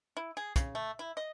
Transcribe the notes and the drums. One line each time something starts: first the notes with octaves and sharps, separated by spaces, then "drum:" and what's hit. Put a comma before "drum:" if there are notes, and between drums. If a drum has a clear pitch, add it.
E4
G#4
C#3, drum: kick, hi-hat
A3
E4
D#5